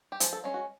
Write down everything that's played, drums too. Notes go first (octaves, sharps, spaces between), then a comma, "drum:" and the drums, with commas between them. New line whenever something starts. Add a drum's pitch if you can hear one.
G4
F3 G#4, drum: hi-hat
A4
G#3 C#4
F#4